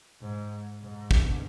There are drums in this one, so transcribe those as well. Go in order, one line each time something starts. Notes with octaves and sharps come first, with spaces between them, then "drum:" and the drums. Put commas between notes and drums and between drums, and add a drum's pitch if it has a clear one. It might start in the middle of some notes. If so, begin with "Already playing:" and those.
G#2
G#2
G2, drum: kick